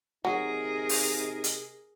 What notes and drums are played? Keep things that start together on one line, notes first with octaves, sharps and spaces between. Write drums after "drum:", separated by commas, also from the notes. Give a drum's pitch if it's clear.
C3 F#3 D#4 G#4 A#4
drum: open hi-hat
drum: hi-hat